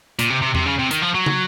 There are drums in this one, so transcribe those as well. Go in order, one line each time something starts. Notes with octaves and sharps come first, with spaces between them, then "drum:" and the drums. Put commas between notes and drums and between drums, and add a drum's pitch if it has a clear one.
A#2, drum: hi-hat
C3
C3
C3, drum: tom E2
C#3
C3
D#3, drum: hi-hat
F3
F#3
drum: tom